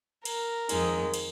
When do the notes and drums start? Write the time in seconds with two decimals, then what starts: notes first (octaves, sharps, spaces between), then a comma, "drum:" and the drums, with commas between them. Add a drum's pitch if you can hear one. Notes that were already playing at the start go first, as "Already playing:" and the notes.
0.25 A#4, drum: cymbal
0.69 F2 D#3 G#3, drum: cymbal
1.14 drum: cymbal